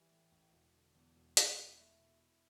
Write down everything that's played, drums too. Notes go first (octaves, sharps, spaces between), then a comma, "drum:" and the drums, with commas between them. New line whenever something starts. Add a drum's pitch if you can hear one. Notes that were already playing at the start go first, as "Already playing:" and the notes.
Already playing: E3 G3
A2
A1
E1
D3
E2
E1
B2, drum: hi-hat
E4
A3
B2
E4